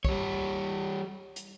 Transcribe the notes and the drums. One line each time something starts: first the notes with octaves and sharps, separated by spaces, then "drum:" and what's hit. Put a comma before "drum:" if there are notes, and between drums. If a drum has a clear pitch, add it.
G3 C#5, drum: kick
drum: hi-hat